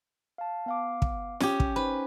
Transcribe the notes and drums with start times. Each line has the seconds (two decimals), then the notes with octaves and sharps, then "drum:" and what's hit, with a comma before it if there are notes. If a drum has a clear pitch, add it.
0.38 F5 A5
0.66 B3 F5 D6
1.02 drum: kick
1.40 C#4 G4, drum: snare
1.60 drum: kick
1.76 D#4 B4 C5 B5